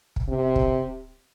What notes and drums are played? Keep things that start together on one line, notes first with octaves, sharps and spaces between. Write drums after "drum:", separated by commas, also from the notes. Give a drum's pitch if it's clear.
drum: kick
C3
drum: kick